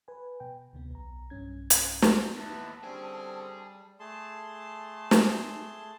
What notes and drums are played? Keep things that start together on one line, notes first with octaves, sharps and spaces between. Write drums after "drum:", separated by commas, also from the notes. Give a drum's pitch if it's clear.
B4 G#5
B2 G5
D2 C3 B3
B1 A#5
B1 G2 C#4 G#6
drum: hi-hat
drum: snare
D#2 B3 E4 A5
D3 G3 C4 C#4 G#4
A3 G#4 A5 C6
drum: snare